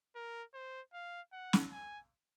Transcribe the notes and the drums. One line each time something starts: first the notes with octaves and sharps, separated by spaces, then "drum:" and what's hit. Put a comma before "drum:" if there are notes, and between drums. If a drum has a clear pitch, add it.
A#4
C5
F5
F#5
drum: snare
G#5